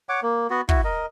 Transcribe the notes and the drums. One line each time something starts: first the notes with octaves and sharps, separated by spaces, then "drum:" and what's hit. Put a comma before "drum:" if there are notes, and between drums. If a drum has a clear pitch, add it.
C#5 F#5 D6
A#3
B3 F#4
E4 F#4, drum: kick
A#4 D#5